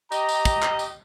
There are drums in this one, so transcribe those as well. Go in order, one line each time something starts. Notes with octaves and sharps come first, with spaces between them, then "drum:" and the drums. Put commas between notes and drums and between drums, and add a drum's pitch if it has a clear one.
G4 D#5 A#5, drum: tambourine
drum: tambourine
drum: kick, tambourine
drum: clap
drum: tambourine